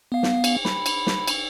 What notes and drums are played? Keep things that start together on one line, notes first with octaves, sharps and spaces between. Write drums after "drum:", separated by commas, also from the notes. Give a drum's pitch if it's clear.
B3 F5
drum: snare
drum: cymbal
B5, drum: snare
drum: cymbal
drum: snare
drum: cymbal